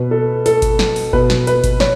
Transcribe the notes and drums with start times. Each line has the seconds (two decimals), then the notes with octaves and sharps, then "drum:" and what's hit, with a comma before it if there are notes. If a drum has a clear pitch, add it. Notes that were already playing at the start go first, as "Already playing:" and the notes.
Already playing: B2 B4
0.11 A4
0.46 A4, drum: hi-hat
0.62 drum: kick G1, hi-hat
0.79 drum: snare
0.96 drum: open hi-hat
1.13 B2 B4, drum: kick G1
1.30 drum: snare
1.47 B4, drum: hi-hat
1.64 drum: kick G1, hi-hat
1.80 C#5, drum: snare